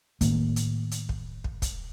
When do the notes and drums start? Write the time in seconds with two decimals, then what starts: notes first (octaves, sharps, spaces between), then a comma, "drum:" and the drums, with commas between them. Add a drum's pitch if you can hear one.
0.21 A2 D#3 A#3, drum: kick, hi-hat
0.56 drum: hi-hat
0.91 drum: hi-hat
1.09 drum: kick
1.44 drum: kick
1.62 drum: kick, hi-hat